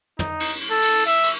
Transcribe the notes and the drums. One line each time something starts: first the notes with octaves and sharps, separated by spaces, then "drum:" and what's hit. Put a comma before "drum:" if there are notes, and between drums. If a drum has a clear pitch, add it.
D#4, drum: tom
drum: cymbal
drum: cymbal
A4
drum: cymbal
E5
drum: cymbal